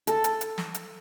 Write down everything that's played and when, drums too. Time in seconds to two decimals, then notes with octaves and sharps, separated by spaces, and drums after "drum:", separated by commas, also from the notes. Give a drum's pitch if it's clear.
0.07 A4, drum: hi-hat
0.24 drum: hi-hat
0.41 drum: hi-hat
0.58 drum: snare
0.74 drum: hi-hat